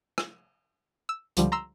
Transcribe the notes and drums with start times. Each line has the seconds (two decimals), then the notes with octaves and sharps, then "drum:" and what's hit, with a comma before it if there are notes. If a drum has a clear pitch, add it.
0.18 drum: rim click
1.09 E6
1.37 C#2 D3 F3 G3, drum: hi-hat
1.52 A#5 C6 E6